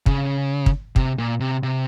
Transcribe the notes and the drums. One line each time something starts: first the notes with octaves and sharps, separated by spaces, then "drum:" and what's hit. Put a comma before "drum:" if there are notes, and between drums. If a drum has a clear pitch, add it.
C#3, drum: kick
drum: kick
C3, drum: kick
A#2
C3
C3